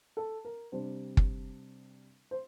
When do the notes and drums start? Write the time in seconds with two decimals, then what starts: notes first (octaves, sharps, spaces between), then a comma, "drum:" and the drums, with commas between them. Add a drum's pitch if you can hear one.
0.17 A4
0.45 A#4
0.72 C3 G3 D4 C5
1.17 drum: kick
2.31 C5